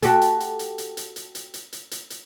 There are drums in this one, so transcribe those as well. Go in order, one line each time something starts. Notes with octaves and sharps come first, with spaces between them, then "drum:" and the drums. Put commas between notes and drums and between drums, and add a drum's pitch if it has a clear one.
F#4 G4 A4, drum: hi-hat
drum: hi-hat
drum: hi-hat
drum: hi-hat
drum: hi-hat
drum: hi-hat
drum: hi-hat
drum: hi-hat
drum: hi-hat
drum: hi-hat
drum: hi-hat
drum: hi-hat